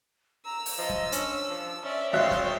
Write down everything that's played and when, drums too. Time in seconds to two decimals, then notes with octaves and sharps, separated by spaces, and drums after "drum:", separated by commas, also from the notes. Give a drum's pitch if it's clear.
0.45 A#5 E6
0.66 drum: open hi-hat
0.78 F3 D#5
0.89 drum: snare
1.12 C#4 D4, drum: hi-hat
1.50 F3
1.84 C#4 D5 E5
2.13 G#1 C5 E5 F5 G5 F#6
2.31 drum: snare